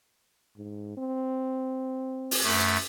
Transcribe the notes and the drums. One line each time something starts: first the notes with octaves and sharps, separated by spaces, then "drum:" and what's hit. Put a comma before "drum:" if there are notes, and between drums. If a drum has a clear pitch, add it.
G#2
C4
drum: open hi-hat
F#2 A3